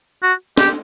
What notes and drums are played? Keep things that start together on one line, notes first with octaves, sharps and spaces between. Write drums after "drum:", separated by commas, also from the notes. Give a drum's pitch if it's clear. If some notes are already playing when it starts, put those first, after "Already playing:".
F#4
G4, drum: snare